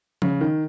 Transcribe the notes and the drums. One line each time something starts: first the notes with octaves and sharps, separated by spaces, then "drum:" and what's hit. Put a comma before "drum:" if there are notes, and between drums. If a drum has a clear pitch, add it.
C#3, drum: tom F3
D#3